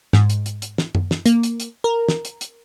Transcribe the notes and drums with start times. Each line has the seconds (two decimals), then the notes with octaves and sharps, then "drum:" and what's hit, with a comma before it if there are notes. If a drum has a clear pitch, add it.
0.13 G#2, drum: snare
0.30 drum: hi-hat
0.46 drum: hi-hat
0.62 drum: hi-hat
0.78 drum: snare
0.95 drum: tom F#2
1.11 drum: snare
1.26 A#3, drum: hi-hat
1.43 drum: hi-hat
1.60 drum: hi-hat
1.84 A#4
2.08 drum: snare
2.25 drum: hi-hat
2.41 drum: hi-hat